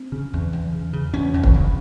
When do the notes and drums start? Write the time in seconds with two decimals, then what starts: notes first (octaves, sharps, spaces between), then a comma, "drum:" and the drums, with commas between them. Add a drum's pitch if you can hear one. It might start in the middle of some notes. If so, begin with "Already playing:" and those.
Already playing: C4
0.12 C#3
0.33 E2
0.53 E2
0.73 C#3
0.93 C#3
1.13 E2 C#4
1.34 E2
1.44 drum: kick
1.54 C#3